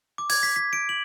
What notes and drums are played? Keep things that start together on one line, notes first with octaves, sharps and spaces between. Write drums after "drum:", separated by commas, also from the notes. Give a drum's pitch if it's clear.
D6
G#6, drum: open hi-hat
B6
B6
D7
F#7